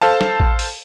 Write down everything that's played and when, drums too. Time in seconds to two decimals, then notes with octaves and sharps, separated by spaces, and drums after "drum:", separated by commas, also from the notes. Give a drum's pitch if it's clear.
0.02 A4 C5 F5 A5
0.21 drum: snare
0.40 drum: kick A1
0.59 drum: open hi-hat